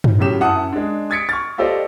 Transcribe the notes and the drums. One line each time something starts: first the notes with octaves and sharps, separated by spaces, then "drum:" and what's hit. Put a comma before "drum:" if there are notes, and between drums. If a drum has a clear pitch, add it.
drum: tom G2
A2 C#3 F#3 G4 E7
F#2 E4 F#5 A5 D#6
G#3 D4
D#6 G#6 A6 B6 C#7 D7
C#6 F6 A6
F4 G4 A4 C5 D5 D#5